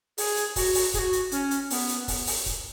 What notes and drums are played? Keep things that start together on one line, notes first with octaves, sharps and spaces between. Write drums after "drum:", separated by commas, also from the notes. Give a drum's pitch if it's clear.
G#4, drum: open hi-hat
drum: hi-hat
F#4, drum: kick, open hi-hat
drum: open hi-hat
G#4, drum: kick, hi-hat
F#4
drum: hi-hat
C#4, drum: hi-hat
drum: hi-hat
B3, drum: open hi-hat
drum: hi-hat
drum: kick, open hi-hat
drum: open hi-hat
drum: kick, hi-hat